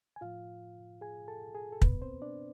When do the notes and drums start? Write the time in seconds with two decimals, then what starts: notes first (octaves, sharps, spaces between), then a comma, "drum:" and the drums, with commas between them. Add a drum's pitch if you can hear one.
0.16 G#5
0.21 A2 F3 F4 F5
1.01 G#4 G#5
1.28 A4 A5
1.55 G#4 G#5
1.72 A4
1.82 B2 B3 B4, drum: kick
2.02 C4 C5
2.22 D4 D5